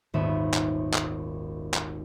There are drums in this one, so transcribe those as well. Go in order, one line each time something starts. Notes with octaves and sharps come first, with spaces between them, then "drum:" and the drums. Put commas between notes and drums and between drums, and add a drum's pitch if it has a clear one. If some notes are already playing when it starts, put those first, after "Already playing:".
D#1 G#1 D#2 B3 E5 D#7
drum: clap
drum: clap
drum: clap